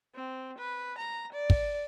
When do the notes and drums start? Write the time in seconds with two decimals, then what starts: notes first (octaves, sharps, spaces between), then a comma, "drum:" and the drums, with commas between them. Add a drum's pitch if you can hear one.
0.15 C4
0.58 B4
0.98 A#5
1.33 D5
1.50 drum: kick